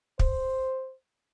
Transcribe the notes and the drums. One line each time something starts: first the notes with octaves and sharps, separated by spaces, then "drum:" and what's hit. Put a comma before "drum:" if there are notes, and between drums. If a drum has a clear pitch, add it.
C5, drum: kick